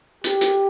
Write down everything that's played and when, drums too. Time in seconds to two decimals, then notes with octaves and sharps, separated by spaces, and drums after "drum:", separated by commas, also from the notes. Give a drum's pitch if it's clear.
0.24 G4, drum: hi-hat
0.41 drum: hi-hat